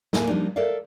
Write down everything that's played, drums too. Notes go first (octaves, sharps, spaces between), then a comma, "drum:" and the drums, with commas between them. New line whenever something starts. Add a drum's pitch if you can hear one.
D#2 A2 A#3 E4 F5 G#5, drum: snare
F3 G3 G#3 A#3 D4 D#4
A4 A#4 D5 E5 F5